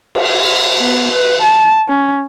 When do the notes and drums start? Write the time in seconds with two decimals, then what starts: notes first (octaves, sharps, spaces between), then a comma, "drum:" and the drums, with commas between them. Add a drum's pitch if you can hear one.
0.15 drum: cymbal
0.78 B3
1.12 B4
1.43 A5
1.88 C#4